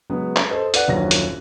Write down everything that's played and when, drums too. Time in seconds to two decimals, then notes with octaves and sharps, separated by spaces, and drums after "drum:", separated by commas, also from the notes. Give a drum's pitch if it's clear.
0.10 C#3 F#3 G#3 B3
0.36 drum: clap
0.50 A4 C5 D#5
0.74 B4 D5 F#5 F#6, drum: hi-hat
0.88 D#1 A#1 F#2 C#4 A#6
1.11 drum: hi-hat